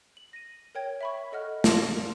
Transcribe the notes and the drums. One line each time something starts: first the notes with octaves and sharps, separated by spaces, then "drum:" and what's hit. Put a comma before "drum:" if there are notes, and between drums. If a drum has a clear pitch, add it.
F#7
A#6 D#7
A#4 C#5 G5 G#6
E5 B5 C#6
A4 D#5 F#5 F6 F#6
A#4 F5 A5 C6 A#6, drum: snare